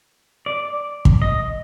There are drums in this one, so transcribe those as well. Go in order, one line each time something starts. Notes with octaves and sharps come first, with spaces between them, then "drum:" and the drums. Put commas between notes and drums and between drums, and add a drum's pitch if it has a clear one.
D5
drum: kick
D#5